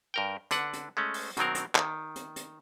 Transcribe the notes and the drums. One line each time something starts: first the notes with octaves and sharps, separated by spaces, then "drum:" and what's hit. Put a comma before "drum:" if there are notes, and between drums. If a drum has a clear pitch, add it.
G2 A#4 G5
D3 D4 B4 F#5, drum: hi-hat
drum: hi-hat
G#3 A3 C#4
drum: open hi-hat
B2 D#3 F#3 C4 A#4, drum: hi-hat
drum: hi-hat
D#3, drum: clap
drum: hi-hat
drum: hi-hat